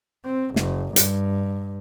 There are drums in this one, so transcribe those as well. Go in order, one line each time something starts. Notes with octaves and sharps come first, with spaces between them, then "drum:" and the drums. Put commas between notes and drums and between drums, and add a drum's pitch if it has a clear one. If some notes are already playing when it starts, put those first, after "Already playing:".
C4
F#1, drum: snare
G2, drum: hi-hat